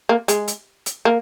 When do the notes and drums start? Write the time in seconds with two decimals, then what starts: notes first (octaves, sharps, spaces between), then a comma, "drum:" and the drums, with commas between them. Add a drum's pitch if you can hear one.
0.09 A#3
0.28 G#3, drum: hi-hat
0.48 drum: hi-hat
0.86 drum: hi-hat
1.05 A#3